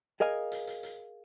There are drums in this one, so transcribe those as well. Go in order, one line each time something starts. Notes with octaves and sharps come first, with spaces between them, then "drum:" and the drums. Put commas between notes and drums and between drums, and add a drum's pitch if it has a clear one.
G#4 A#4 D#5 F5 G#5
drum: hi-hat
drum: hi-hat
drum: hi-hat